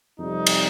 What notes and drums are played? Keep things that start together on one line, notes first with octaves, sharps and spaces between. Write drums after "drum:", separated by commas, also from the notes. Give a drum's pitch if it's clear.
F2 C3 G3 D#4
drum: cymbal